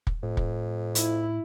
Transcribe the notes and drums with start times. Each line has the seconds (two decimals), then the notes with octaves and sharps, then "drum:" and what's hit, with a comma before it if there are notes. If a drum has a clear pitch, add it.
0.07 drum: kick
0.23 F2 A2
0.37 drum: kick
0.95 E4, drum: hi-hat